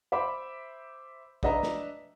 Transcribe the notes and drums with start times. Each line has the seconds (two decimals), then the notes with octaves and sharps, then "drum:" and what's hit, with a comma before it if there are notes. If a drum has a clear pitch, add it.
0.12 C5 E5 B5 D6
1.43 D4 B4 D#5 E5 A#5, drum: kick
1.63 drum: snare